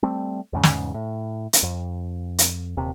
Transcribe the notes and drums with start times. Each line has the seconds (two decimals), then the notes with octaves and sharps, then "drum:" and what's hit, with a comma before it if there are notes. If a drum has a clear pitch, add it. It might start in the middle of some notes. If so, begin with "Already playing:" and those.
0.03 G3 A3 C4
0.53 E2 G#2 C#3
0.63 drum: snare
0.94 A2
1.53 drum: hi-hat
1.63 F2
2.38 drum: hi-hat
2.77 D#1 D#2 C3